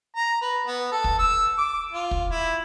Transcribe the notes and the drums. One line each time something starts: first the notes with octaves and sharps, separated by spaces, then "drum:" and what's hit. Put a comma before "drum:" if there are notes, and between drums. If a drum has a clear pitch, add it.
A#5
B4
B3
A4
drum: kick
E6
D6
F4
drum: kick
E4